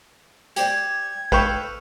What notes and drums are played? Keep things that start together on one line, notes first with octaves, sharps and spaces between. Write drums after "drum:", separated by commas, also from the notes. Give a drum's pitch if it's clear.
G4 C5 D5 G#6, drum: hi-hat
A4 B4 C5 F5 G5 C#6, drum: kick